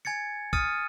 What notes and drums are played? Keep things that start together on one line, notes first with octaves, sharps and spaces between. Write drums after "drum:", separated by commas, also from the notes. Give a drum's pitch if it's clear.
G#5 G#6 A6 C#7
D#6 F6 A6 C#7 D#7, drum: kick